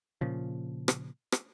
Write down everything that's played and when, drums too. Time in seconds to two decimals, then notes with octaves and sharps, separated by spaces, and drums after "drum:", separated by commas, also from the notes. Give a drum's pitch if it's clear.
0.21 A#2 C#3 F3
0.88 drum: rim click
1.32 drum: rim click